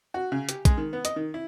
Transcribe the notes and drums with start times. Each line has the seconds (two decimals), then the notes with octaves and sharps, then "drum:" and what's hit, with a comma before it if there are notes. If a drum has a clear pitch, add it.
0.14 F#4
0.32 C#3
0.49 G4, drum: hi-hat
0.65 G#3, drum: kick, hi-hat
0.77 D#3
0.93 B3
1.05 D#5, drum: hi-hat
1.16 D#3
1.34 E4